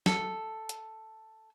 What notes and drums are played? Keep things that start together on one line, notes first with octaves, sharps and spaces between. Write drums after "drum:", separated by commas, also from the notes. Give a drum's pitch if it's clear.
A4, drum: snare
drum: hi-hat